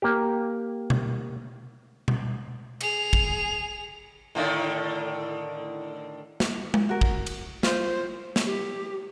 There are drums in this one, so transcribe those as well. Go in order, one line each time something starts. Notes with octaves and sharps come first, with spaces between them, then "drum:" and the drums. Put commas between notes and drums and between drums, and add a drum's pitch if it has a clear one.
A#3 G4
drum: tom B2
drum: tom B2
G#4 F7, drum: cymbal
drum: kick
A2 D3 D#3
drum: snare
drum: tom G#3
F#4 A#4
drum: kick
drum: cymbal
F4 C5, drum: snare
drum: snare
G4